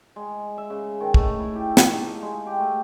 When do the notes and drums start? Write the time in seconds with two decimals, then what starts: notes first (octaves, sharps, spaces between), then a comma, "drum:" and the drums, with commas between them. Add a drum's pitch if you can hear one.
0.16 G#3
0.58 E5
0.70 C#3
1.00 D#3
1.14 A3, drum: kick
1.40 E4
1.55 G4
1.77 drum: snare
1.88 D#4
2.10 F5
2.22 G#3
2.46 G4
2.59 A3